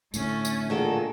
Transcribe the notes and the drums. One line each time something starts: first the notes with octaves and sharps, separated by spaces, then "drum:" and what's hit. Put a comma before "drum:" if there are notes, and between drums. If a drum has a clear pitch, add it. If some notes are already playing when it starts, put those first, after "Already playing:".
A2 D3 A3 C#4, drum: tambourine
drum: tambourine
A#2 D#3 D4 F4 F#4 G#4 A4